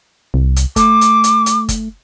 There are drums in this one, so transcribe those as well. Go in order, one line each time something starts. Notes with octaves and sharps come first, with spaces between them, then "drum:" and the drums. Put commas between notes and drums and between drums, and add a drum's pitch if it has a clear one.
C2
drum: hi-hat
A3 D6, drum: kick, hi-hat
drum: hi-hat
drum: hi-hat
drum: hi-hat
drum: kick, hi-hat